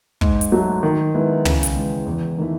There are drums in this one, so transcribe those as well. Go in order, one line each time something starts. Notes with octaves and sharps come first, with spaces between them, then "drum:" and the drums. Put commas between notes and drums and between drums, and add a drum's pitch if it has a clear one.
G#2, drum: kick
drum: hi-hat
F#3 A3
D#3
G#3 B3 E4
C#3, drum: tom
drum: hi-hat
E3 G#3
E2
D#3 A3 E4